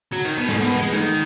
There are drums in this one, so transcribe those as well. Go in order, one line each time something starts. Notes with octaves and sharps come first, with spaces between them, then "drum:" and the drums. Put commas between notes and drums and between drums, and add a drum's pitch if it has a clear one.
F#3
D#3
B2
G#2, drum: snare
B2
B3
G#3, drum: tom E3
D#3, drum: snare